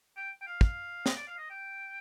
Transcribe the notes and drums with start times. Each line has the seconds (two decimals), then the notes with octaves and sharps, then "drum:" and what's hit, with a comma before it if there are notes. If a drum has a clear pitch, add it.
0.17 G5
0.41 G5
0.47 F5
0.61 F5, drum: kick
1.06 D#5, drum: snare
1.16 D5
1.27 F5
1.38 D#5
1.50 G5